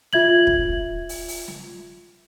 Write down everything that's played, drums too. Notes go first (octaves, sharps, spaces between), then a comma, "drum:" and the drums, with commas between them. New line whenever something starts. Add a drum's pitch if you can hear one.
F4 E5 G#6 F#7, drum: snare
drum: kick
drum: open hi-hat
drum: open hi-hat
drum: snare